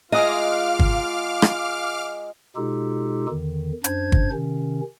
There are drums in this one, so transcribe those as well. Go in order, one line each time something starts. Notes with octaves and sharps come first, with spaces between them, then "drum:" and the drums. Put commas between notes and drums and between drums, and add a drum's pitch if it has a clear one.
G#3 F4 D#5 F5 F#5 A#5 D6 F6
drum: kick
drum: rim click
B2 G#3 D#4 F4 G4 A4
E2 D3 D#3
F#2 D4 C5 G#6, drum: hi-hat
drum: kick
C3 D#3 C#4